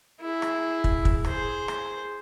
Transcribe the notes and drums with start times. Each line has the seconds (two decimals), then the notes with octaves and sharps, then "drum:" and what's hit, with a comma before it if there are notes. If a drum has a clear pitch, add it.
0.21 E4 G#4
0.42 drum: rim click
0.84 drum: kick
1.05 drum: kick
1.25 G#4 C5, drum: rim click
1.68 drum: rim click